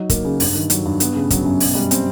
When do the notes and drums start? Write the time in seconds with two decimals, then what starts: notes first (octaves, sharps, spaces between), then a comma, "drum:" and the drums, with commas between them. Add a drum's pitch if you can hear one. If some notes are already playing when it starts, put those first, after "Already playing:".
Already playing: F#3 D#4
0.10 A#3, drum: kick, hi-hat
0.24 C#3
0.40 G2, drum: open hi-hat
0.55 D#3
0.70 F#3, drum: hi-hat
0.85 G2
1.00 B3, drum: hi-hat
1.15 C#3
1.30 F#3, drum: kick, hi-hat
1.45 F#2
1.60 B2, drum: open hi-hat
1.75 G3
1.91 C4, drum: hi-hat